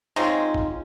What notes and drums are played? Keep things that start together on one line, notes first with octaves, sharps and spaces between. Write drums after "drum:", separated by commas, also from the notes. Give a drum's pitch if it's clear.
G#3 C4 C#4 D#4 F4
drum: kick G#1